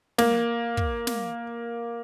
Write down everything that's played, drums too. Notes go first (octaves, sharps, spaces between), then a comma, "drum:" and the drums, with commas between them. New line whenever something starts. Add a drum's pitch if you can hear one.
A#3, drum: snare
drum: kick
drum: snare